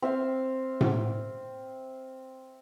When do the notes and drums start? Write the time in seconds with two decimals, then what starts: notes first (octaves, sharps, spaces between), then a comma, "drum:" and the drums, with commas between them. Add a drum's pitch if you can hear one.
0.02 C4 E5 F5
0.81 drum: tom A2